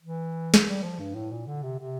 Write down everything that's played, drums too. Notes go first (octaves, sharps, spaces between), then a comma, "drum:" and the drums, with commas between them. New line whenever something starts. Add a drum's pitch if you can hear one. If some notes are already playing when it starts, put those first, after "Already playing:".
E3
drum: snare
G3
F3
G2
A2
A#2
D3
C3
C3